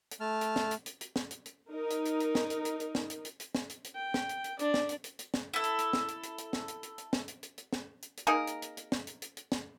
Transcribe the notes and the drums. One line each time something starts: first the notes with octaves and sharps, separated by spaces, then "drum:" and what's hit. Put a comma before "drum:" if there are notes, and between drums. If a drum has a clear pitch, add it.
drum: hi-hat
A3 A5 F6
drum: hi-hat
drum: snare
drum: hi-hat
drum: hi-hat
drum: hi-hat
drum: snare
drum: hi-hat
drum: hi-hat
D#4 A#4
drum: hi-hat
drum: hi-hat
drum: hi-hat
drum: snare
drum: hi-hat
drum: hi-hat
drum: hi-hat
drum: snare
drum: hi-hat
drum: hi-hat
drum: hi-hat
drum: snare
drum: hi-hat
drum: hi-hat
G5
drum: snare
drum: hi-hat
drum: hi-hat
D4 D5, drum: hi-hat
drum: snare
drum: hi-hat
drum: hi-hat
drum: hi-hat
drum: snare
E4 A4
drum: hi-hat
drum: hi-hat
drum: snare
drum: hi-hat
drum: hi-hat
drum: hi-hat
drum: snare
drum: hi-hat
drum: hi-hat
drum: hi-hat
drum: snare
drum: hi-hat
drum: hi-hat
drum: hi-hat
drum: snare
drum: hi-hat
drum: hi-hat
A#3 D#4 G#4 A#4
drum: hi-hat
drum: hi-hat
drum: hi-hat
drum: snare
drum: hi-hat
drum: hi-hat
drum: hi-hat
drum: snare